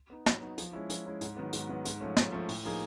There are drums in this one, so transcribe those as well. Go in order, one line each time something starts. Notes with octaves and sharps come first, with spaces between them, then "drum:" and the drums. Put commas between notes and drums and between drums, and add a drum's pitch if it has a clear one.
B3 D#4
F#3, drum: snare
B3 D#4
F3, drum: hi-hat
G#3 C#4 E4
F3, drum: hi-hat
G#3 C#4 E4
G#2, drum: hi-hat
D#3 F#3 B3
G#2, drum: hi-hat
D#3 F#3 B3
G#2, drum: hi-hat
F3 A3 C#4
G#2, drum: snare
F3 A3 C#4
A2, drum: open hi-hat
F3 A#3 D#4 G#4